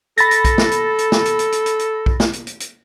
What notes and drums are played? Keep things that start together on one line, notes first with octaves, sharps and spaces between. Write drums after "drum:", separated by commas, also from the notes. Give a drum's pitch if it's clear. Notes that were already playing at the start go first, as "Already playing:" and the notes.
A4 B5 A6 A#6, drum: hi-hat
drum: hi-hat
drum: kick B1, hi-hat
drum: snare
drum: hi-hat
drum: hi-hat
drum: snare
drum: hi-hat
drum: hi-hat
drum: hi-hat
drum: hi-hat
drum: hi-hat
drum: kick B1
drum: snare
drum: hi-hat
drum: hi-hat
drum: hi-hat